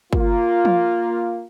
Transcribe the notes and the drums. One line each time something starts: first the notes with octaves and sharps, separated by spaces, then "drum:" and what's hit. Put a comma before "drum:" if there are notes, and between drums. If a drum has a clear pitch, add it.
A#3 F4, drum: kick
drum: tom F3